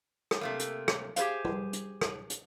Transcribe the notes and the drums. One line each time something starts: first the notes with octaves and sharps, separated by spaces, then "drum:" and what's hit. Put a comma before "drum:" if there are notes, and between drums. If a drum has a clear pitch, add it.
drum: rim click
C3 A3 A#3
drum: hi-hat
drum: rim click
G4 G#4 B4 C5 F5, drum: hi-hat
drum: tom
drum: hi-hat
drum: rim click
drum: hi-hat